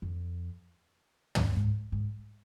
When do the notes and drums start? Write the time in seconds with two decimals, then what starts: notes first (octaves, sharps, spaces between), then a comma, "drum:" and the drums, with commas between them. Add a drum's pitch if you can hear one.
0.02 F2
1.35 drum: tom
1.55 G#2
1.92 G#2